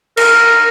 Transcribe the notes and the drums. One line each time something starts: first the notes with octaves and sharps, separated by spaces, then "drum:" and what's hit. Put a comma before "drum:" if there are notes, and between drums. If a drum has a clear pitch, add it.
A#4, drum: cymbal